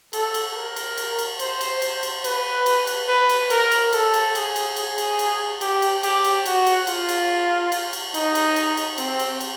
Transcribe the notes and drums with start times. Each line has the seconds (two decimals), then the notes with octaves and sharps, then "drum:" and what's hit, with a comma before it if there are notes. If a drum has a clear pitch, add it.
0.13 A4, drum: cymbal
0.34 drum: cymbal
0.56 A#4
0.76 drum: cymbal
0.97 drum: cymbal
1.19 drum: cymbal
1.39 C5, drum: cymbal
1.61 drum: cymbal
1.82 drum: cymbal
2.03 drum: cymbal
2.24 B4, drum: cymbal
2.66 drum: cymbal
2.87 drum: cymbal
3.08 B4
3.29 drum: cymbal
3.50 A#4, drum: cymbal
3.71 drum: cymbal
3.93 A4, drum: cymbal
4.14 drum: cymbal
4.35 G#4, drum: cymbal
4.56 drum: cymbal
4.76 G#4, drum: cymbal
4.98 drum: cymbal
5.19 drum: cymbal
5.61 G4, drum: cymbal
5.82 drum: cymbal
6.03 G4, drum: cymbal
6.24 drum: cymbal
6.46 F#4, drum: cymbal
6.66 drum: cymbal
6.87 F4, drum: cymbal
7.09 drum: cymbal
7.72 drum: cymbal
7.93 drum: cymbal
8.14 D#4, drum: cymbal
8.35 drum: cymbal
8.56 drum: cymbal
8.77 drum: cymbal
8.98 C4, drum: cymbal
9.19 drum: cymbal
9.40 drum: cymbal